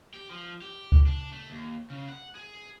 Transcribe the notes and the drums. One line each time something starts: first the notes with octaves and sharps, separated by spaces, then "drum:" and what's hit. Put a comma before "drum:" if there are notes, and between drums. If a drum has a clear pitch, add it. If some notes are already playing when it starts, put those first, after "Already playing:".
G4
F3
G4
drum: kick C#2
D4
A3
D#2
C#3
F#5
G#4